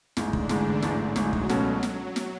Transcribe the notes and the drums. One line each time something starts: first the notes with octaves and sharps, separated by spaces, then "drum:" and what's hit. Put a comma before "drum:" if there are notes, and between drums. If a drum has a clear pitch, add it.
A1 G#2 D3 G#3 D4, drum: snare
drum: kick
A1 G#2 E3 G#3, drum: snare
A1 G#2 F#3 G#3, drum: snare
A1 G#2 G#3, drum: snare
drum: kick
C#2 B2 A3 C#4 F#4, drum: snare
drum: snare
drum: snare